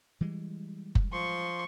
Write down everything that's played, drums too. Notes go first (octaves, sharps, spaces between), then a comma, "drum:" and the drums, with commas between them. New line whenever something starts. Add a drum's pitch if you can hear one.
E3 G3 G#3
drum: kick F#1
F3 C6 C#6